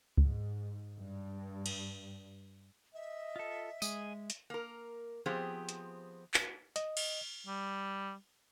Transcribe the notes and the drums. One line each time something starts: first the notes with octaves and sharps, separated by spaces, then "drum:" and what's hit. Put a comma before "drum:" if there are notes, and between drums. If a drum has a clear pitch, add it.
G#2, drum: kick C#2
G2
drum: cymbal
D#5 E5
F4 A4
G#3 G#4 D#5, drum: tambourine
drum: hi-hat
A#3 A#4
F3 B3 C4 G4 G#4 C5
drum: hi-hat
drum: clap
D#5, drum: hi-hat
drum: cymbal
G3